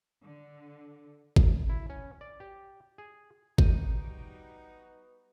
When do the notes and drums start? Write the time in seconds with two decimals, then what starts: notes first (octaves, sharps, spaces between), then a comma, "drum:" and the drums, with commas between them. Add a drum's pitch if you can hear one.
0.25 D3
1.36 drum: kick G#1
1.69 E4
1.90 C#4
2.21 D5
2.40 G4
2.98 G#4
3.58 G3 B3 D#4 F#4 D#5 G6 D#7, drum: kick G#1